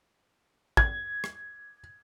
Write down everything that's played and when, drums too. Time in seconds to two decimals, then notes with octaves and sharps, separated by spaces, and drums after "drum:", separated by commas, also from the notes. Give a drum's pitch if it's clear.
0.77 G#6, drum: kick
1.24 drum: rim click